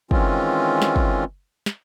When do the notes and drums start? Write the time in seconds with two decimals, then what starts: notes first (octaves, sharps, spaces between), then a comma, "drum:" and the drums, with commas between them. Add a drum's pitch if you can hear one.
0.11 D#3 E3 G#3 C4 C#4 F4, drum: kick
0.82 drum: snare
0.96 drum: kick
1.66 drum: snare